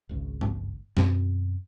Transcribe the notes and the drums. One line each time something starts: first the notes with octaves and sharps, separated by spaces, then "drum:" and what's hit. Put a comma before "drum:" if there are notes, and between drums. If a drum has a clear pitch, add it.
G#1 C#2
drum: tom G2
F#2 B2 C4, drum: snare